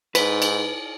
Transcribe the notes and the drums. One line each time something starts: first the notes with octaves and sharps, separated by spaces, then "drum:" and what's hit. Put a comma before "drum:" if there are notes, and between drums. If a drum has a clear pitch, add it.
G#2 B4, drum: cymbal
drum: cymbal